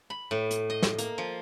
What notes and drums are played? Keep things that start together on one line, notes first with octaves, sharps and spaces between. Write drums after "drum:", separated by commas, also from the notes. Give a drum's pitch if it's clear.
B5
A2
drum: hi-hat
D#5
drum: snare
A#3, drum: hi-hat
F3